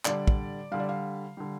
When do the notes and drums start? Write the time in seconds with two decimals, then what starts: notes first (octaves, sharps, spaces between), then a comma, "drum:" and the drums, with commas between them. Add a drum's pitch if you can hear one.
0.05 D3 G3 D5, drum: clap
0.27 drum: kick
0.71 D3 G3 F5
0.79 D5
0.89 F5
1.37 D3 G3